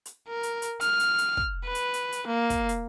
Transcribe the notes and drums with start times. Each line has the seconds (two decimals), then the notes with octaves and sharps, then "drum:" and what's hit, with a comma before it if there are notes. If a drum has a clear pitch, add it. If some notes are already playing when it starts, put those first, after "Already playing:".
0.06 drum: hi-hat
0.28 A#4
0.43 drum: hi-hat
0.62 drum: hi-hat
0.81 F6, drum: hi-hat
1.00 drum: hi-hat
1.18 drum: hi-hat
1.37 drum: kick
1.65 B4
1.75 drum: hi-hat
1.94 drum: hi-hat
2.12 drum: hi-hat
2.27 A#3
2.50 drum: kick, hi-hat
2.69 drum: hi-hat